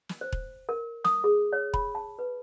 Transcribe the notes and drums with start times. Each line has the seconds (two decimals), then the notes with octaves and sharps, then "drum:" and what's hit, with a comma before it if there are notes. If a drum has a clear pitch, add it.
0.09 drum: snare
0.21 C5
0.32 drum: kick E1
0.69 A#4
1.05 D#6, drum: snare
1.24 G#4
1.53 C#5
1.74 B5, drum: kick E1
1.95 A5
2.19 B4